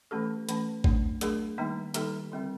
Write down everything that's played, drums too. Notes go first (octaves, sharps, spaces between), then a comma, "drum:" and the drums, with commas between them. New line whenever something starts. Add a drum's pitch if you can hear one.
E3 A3 C#4 G4 A4
E3 A3 C#4, drum: hi-hat
F#3 A3 D4, drum: kick A1
F#3 A3 D4 G#4 A#4, drum: hi-hat
D#3 G3 A#3 D#4
D#3 G3 A#3 D#4 G4 A4, drum: hi-hat
D3 G3 C4 E4